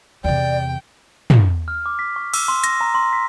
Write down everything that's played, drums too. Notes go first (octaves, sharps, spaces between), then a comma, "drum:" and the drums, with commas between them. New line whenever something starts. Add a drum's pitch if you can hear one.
E2 C3 D5 G5
drum: tom
F6
D6
B6
C#6
E6, drum: cymbal
C6
A#6, drum: hi-hat
A#5
C6
B6